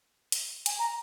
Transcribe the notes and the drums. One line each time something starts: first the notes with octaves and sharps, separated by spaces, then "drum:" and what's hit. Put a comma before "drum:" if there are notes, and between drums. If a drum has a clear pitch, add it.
drum: hi-hat
G#5, drum: hi-hat
A#5